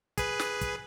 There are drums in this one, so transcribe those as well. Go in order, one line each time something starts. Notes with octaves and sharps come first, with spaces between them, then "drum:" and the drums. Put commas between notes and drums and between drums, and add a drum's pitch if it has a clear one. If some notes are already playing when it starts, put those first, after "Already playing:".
G#4 B4, drum: kick, hi-hat
drum: snare
drum: kick, hi-hat